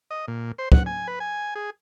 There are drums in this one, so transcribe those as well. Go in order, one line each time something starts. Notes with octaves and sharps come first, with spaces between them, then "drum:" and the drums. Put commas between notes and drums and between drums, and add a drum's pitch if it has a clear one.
D#5
A#2
C5
F#5, drum: kick
G#5
B4
G#5
G#4